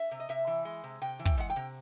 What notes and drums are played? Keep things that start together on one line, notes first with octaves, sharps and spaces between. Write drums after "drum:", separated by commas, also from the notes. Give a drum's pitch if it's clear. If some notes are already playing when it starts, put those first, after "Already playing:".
Already playing: E5
C3
D#5
C3 E5, drum: hi-hat
E3
G#3
C3
C3 G5
E3
G5, drum: kick, hi-hat
G#3 F#5
G5
C3